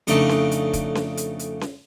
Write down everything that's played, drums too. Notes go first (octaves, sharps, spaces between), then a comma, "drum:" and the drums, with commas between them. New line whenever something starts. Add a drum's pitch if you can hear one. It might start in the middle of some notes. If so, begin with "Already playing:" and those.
F2 C#3 A3 D4 D#4, drum: hi-hat
drum: snare C#4
drum: hi-hat
drum: kick, hi-hat
drum: snare C#4
drum: hi-hat
drum: hi-hat
drum: snare C#4